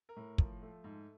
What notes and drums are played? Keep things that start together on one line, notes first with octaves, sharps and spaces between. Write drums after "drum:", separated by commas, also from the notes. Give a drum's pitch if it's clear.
A#4
A2
F3, drum: kick
A3
G#2